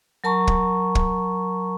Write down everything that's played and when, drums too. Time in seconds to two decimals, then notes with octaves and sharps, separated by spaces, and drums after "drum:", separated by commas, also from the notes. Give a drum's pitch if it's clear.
0.24 F#3 A#4 A5 A#5 C#6
0.47 drum: kick
0.95 drum: kick